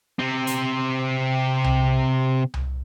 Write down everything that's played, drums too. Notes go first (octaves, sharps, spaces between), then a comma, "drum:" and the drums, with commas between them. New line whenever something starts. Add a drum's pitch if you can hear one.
C3 C4
drum: hi-hat
drum: tom C2
drum: tom C2